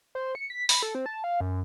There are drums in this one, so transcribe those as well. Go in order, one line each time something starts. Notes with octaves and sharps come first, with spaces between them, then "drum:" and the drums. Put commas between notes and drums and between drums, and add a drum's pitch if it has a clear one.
C5
C#7
B6
B5, drum: open hi-hat
A4
C4
A5
F5
F#2